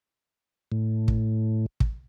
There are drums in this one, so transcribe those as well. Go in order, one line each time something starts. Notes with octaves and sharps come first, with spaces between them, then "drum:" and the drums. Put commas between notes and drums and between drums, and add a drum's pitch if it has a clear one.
A2
drum: kick
drum: kick